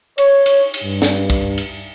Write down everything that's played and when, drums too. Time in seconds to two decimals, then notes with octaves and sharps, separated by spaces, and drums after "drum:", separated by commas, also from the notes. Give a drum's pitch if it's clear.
0.18 C#5, drum: cymbal
0.46 drum: cymbal
0.74 drum: cymbal
0.84 G2
1.02 drum: snare
1.30 drum: kick, cymbal
1.58 drum: cymbal